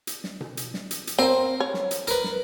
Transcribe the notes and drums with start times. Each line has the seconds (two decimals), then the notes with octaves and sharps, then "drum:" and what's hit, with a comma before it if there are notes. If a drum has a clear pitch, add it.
0.07 drum: hi-hat
0.24 drum: snare
0.41 drum: tom B2
0.57 drum: hi-hat
0.74 drum: snare
0.91 drum: hi-hat
1.07 drum: hi-hat
1.19 C4 A#4 C5 F5
1.60 C#5
1.74 drum: snare
1.91 drum: hi-hat
2.07 A#4 B4, drum: hi-hat
2.24 drum: snare